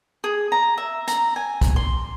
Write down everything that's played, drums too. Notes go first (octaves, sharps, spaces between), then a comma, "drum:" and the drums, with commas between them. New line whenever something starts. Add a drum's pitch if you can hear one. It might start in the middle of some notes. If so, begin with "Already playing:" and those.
G#4
A#5
E5
A#5, drum: hi-hat
G#5
drum: kick, hi-hat
C6